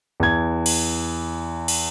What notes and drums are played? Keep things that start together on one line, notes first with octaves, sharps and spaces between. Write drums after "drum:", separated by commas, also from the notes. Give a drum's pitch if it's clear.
E2 G#6
drum: cymbal
drum: cymbal